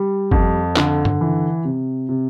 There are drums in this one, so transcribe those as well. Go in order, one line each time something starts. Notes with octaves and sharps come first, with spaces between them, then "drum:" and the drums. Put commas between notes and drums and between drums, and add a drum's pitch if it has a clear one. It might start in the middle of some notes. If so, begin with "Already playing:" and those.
Already playing: G3
F2, drum: kick
D3, drum: clap
drum: tom G2
E3
C3
C3